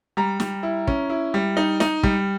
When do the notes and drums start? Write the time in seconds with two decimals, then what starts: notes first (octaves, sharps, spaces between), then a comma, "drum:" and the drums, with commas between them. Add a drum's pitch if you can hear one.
0.17 G3 A#5
0.40 G3, drum: snare
0.63 E4
0.87 C#4, drum: kick
1.10 E4
1.34 G3
1.57 D#4
1.80 D#4, drum: snare
2.03 G3, drum: kick